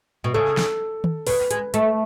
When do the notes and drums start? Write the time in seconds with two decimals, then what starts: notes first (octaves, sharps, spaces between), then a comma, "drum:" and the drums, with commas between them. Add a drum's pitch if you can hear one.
0.24 B2
0.34 C#3 A4
0.57 drum: snare
1.04 drum: tom D#3
1.27 C#3 B4, drum: open hi-hat
1.51 G#3, drum: hi-hat
1.74 A3, drum: hi-hat